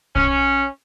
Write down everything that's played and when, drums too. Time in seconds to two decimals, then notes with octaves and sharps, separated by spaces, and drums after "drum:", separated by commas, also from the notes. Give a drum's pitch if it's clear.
0.15 C#4, drum: kick